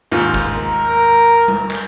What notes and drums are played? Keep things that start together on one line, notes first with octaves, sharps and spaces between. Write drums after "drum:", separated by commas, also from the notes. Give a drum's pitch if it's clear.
D#2 G#2 F4
drum: kick
A#4
drum: tom G3
drum: clap